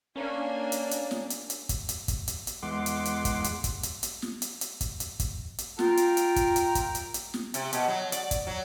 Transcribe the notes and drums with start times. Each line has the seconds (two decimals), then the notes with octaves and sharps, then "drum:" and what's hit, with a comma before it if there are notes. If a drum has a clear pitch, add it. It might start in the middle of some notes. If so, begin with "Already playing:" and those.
0.16 A#3 C#4 D4 G#5
0.72 drum: hi-hat
0.91 drum: hi-hat
1.11 drum: snare
1.30 drum: hi-hat
1.50 drum: hi-hat
1.69 drum: kick, hi-hat
1.89 drum: hi-hat
2.08 drum: kick, hi-hat
2.28 drum: hi-hat
2.47 drum: hi-hat
2.63 E2 G#3 F#5 C6 D6
2.86 drum: hi-hat
3.05 drum: hi-hat
3.25 drum: kick, hi-hat
3.44 drum: hi-hat
3.64 drum: kick, hi-hat
3.83 drum: hi-hat
4.03 drum: hi-hat
4.22 drum: snare
4.42 drum: hi-hat
4.61 drum: hi-hat
4.81 drum: kick, hi-hat
5.00 drum: hi-hat
5.20 drum: kick, hi-hat
5.58 drum: hi-hat
5.79 F4 A#4 G5, drum: snare
5.97 drum: hi-hat
6.17 drum: hi-hat
6.36 drum: kick, hi-hat
6.56 drum: hi-hat
6.75 drum: kick, hi-hat
6.95 drum: hi-hat
7.14 drum: hi-hat
7.34 drum: snare
7.54 C3, drum: hi-hat
7.73 B2, drum: hi-hat
7.88 F#3
8.12 D5, drum: hi-hat
8.31 drum: kick, hi-hat
8.47 F#3